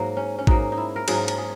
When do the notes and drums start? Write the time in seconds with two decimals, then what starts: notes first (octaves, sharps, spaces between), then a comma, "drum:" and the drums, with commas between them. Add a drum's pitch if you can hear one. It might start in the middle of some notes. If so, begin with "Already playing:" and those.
Already playing: G#2 F#3 A#3
0.17 C#4
0.38 C#4
0.47 G#2 F#3 A#3 D#4, drum: kick A1
0.72 D#4
0.78 E4
0.96 A#4
1.08 G#2 F#3 A#3 G#4, drum: cymbal
1.28 drum: cymbal
1.38 G#4